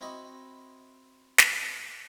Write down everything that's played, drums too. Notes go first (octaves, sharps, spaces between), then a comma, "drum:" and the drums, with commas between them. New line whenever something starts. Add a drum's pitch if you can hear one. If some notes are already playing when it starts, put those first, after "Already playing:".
C4 E4 F#4 D#5 B5
drum: snare